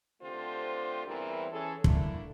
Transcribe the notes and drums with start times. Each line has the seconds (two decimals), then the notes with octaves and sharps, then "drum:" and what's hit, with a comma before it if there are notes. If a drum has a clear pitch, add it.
0.22 D3 A3 C4 F4 G4 C5
1.06 E2 E3 G3 C4 E4 A#4
1.51 E3 C#4 G#4 A4
1.84 D3 A3 A#3 D4 E4, drum: kick